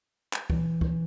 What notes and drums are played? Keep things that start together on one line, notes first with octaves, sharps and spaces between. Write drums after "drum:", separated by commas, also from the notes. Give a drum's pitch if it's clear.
drum: clap
E3, drum: kick
drum: kick